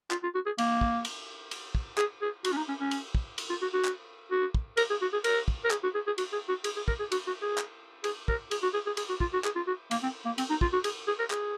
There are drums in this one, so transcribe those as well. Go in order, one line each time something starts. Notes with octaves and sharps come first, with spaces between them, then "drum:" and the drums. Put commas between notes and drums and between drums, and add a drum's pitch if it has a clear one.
F4, drum: clap
F4
F#4
G#4
A#3, drum: cymbal
drum: kick
drum: cymbal
drum: cymbal
drum: kick
G#4, drum: clap
G#4
F#4, drum: cymbal
C#4
D#4
C#4
C#4
drum: cymbal
drum: kick
drum: cymbal
F4
F#4
F#4
drum: clap
F#4
drum: kick
A#4, drum: cymbal
G#4
F#4
G#4
A#4, drum: cymbal
drum: kick
A#4
G#4, drum: clap
F#4
G#4
G#4
F#4, drum: cymbal
G#4
F#4
G#4, drum: cymbal
G#4
A#4, drum: kick
G#4
F#4, drum: cymbal
F#4
G#4
drum: clap
G#4, drum: cymbal
A#4, drum: kick
G#4, drum: cymbal
F#4
G#4
G#4
G#4, drum: cymbal
F#4
F4, drum: kick
F#4
G#4, drum: clap
F4
F#4
A#3, drum: cymbal
C4
A#3
C4, drum: cymbal
D#4
F4, drum: kick
F#4
G#4, drum: cymbal
G#4
A#4
G#4, drum: clap